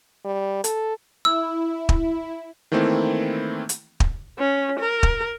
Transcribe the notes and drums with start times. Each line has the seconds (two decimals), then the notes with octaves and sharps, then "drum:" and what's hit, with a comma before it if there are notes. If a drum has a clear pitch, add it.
0.25 G3
0.64 A4, drum: hi-hat
1.25 E4 E6
1.89 drum: kick
2.72 D#3 E3 A3 A#3 C4 E4
3.69 drum: hi-hat
4.00 drum: kick
4.39 C#4
4.79 A#4
5.03 drum: kick